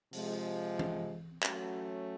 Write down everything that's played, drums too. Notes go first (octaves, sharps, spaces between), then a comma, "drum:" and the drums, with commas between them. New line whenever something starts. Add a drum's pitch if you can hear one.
C3 F3 G#3, drum: open hi-hat
drum: tom E3
F#3 A3 C#4 F#4, drum: clap